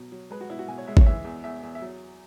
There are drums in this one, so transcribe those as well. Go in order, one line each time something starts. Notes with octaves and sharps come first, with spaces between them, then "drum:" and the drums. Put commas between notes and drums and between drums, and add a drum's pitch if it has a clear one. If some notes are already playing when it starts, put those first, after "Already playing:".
Already playing: B2 F#3
F#3
G#3 B4
F#4
B2 E4
F#4
B2 G#5
C#5
G#3 E5
C#5, drum: kick
E3 E5
E2
E2 E5
E2
E5
F#3